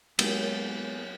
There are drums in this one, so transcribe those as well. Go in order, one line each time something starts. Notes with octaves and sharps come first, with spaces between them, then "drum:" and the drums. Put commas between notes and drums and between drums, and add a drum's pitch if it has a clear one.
F#3 G#3 A#3 B3 G#4, drum: cymbal